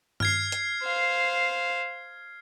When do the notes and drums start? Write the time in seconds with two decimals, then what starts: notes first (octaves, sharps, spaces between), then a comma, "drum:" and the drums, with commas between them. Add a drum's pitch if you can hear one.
0.20 F6 G#6 C7, drum: tom G2
0.52 drum: hi-hat
0.82 C5 F5